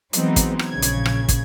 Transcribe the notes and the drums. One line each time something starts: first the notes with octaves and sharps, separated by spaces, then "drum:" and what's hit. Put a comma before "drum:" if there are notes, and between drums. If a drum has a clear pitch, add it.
E3 F#3 G#3 B3 C4 D#4, drum: hi-hat
drum: kick, hi-hat
drum: rim click
A#1 C#3 G#6
drum: hi-hat
drum: rim click
drum: kick, hi-hat